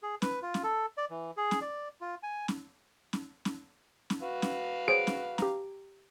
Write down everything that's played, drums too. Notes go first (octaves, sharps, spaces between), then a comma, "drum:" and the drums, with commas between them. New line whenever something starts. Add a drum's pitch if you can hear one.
G#4
B4, drum: snare C#4
F4
drum: snare C#4
A4
D5
E3
G#4
drum: snare C#4
D5
F4
G#5
drum: snare C#4
drum: snare C#4
drum: snare C#4
drum: snare C#4
F#4 B4 F5
drum: snare C#4
G#4 C5 C#5 D7
drum: snare C#4
G4 A#5, drum: snare C#4